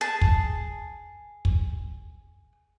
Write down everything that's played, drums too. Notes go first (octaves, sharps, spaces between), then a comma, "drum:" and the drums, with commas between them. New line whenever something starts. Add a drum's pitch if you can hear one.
G#4 A5
drum: kick
drum: kick